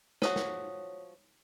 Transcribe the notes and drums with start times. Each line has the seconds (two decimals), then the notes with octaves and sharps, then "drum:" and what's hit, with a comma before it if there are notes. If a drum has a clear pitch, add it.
0.22 F3 F#4 C#5 D#6, drum: snare
0.36 drum: snare